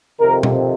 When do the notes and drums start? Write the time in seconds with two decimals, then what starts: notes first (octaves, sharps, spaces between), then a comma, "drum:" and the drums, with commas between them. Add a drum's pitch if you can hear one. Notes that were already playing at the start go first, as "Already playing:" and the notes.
0.20 F2 C3 D#3 A#4
0.43 drum: tom B2